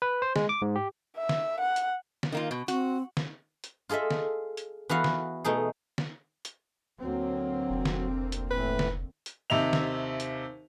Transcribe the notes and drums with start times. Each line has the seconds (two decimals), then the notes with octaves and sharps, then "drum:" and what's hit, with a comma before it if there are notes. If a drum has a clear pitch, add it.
0.02 B4
0.22 C5
0.36 G#3, drum: snare
0.49 D6
0.62 G#2
0.76 G4
1.17 E5
1.29 drum: snare
1.61 F#5
1.76 drum: hi-hat
2.23 drum: snare
2.32 D#3 A#3 F4
2.51 B2
2.68 C4 F#4, drum: hi-hat
3.17 drum: snare
3.64 drum: hi-hat
3.89 F4 G#4 A4 D#5 E5
4.11 drum: snare
4.57 drum: hi-hat
4.89 E3 B3 F#4 F5
5.04 drum: snare
5.44 B2 A3 D#4 G#4
5.98 drum: snare
6.45 drum: hi-hat
7.00 D2 F#3 A#3 C4
7.70 F1
7.85 drum: snare
8.32 drum: hi-hat
8.51 A2 E3 B4
8.79 drum: snare
9.26 drum: hi-hat
9.50 D#2 C3 D#4 E5 F7
9.73 drum: snare
10.20 drum: hi-hat